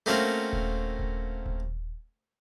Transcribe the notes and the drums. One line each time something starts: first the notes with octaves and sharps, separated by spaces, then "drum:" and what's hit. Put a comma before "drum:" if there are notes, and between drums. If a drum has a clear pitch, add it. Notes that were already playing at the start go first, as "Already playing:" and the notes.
A3 A#3 C4 C#4 F#4 A#4
drum: kick D#1
drum: kick D#1
drum: kick D#1